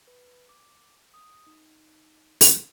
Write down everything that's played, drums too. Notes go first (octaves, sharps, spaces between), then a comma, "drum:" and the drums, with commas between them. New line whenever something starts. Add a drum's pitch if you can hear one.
B4
D6
D#6
D#4
drum: open hi-hat